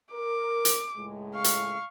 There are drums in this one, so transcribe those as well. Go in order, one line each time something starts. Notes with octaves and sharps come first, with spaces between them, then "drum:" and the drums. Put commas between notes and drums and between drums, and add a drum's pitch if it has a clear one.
A#4 D6
drum: hi-hat
C#2 A2 G#3
F5 C#6
drum: hi-hat